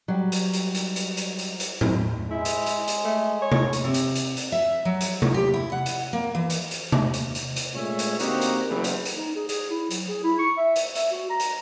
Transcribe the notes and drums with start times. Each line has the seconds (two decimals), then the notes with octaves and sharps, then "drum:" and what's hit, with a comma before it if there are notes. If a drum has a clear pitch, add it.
0.08 F#3 G3
0.32 drum: hi-hat
0.53 drum: hi-hat
0.75 drum: hi-hat
0.96 drum: hi-hat
1.17 drum: hi-hat
1.39 drum: hi-hat
1.60 drum: hi-hat
1.81 drum: tom
2.31 G#3 E4
2.45 drum: hi-hat
2.66 drum: hi-hat
2.88 drum: hi-hat
3.04 A3
3.42 C#5
3.52 drum: tom C3
3.73 drum: hi-hat
3.84 C3
3.94 drum: hi-hat
4.15 drum: hi-hat
4.37 drum: hi-hat
4.52 E5
4.85 F#3
5.01 drum: hi-hat
5.22 drum: tom C3
5.34 G4
5.54 E4
5.72 F#5
5.86 drum: hi-hat
6.13 A#3
6.35 E3
6.50 drum: hi-hat
6.71 drum: hi-hat
6.92 drum: tom C3
7.14 drum: hi-hat
7.35 drum: hi-hat
7.56 drum: hi-hat
7.74 A#2 G#3 A3 C#4 C#5 E5
7.99 drum: hi-hat
8.20 D3 A#3 C4 D#4 F#4 G4, drum: hi-hat
8.42 drum: hi-hat
8.68 F#1 E2
8.84 drum: hi-hat
9.05 drum: hi-hat
9.16 D#4
9.36 G#4
9.49 G#4, drum: hi-hat
9.70 E4
9.91 F#3, drum: hi-hat
10.09 G#4
10.24 E4
10.39 C#6
10.58 E5
10.76 drum: hi-hat
10.95 E5, drum: hi-hat
11.12 F#4
11.30 A#5
11.40 drum: hi-hat